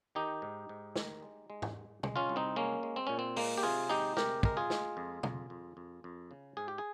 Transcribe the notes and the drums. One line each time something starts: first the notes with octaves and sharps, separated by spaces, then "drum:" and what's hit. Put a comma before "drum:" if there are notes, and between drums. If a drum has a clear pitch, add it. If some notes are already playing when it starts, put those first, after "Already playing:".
D#3 D#4 G4
G#2
G#2
D#3, drum: snare
G#3
G#3
drum: tom
G#3
G#3, drum: tom
C#4 F4
C2
C4 D#4
G#3 A#3 C#4
G#3
C4
A#2 C#4
C4
G#3 A#3, drum: open hi-hat
G4
C3 F4 G#4
G#3 D#4 G4
C3 G4 A#4, drum: snare
G#3 A#4, drum: kick
F4 G#4
G#3, drum: snare
F2
F2, drum: tom
F2
F2
F2
C#3
G#2 G#4
G4
G#4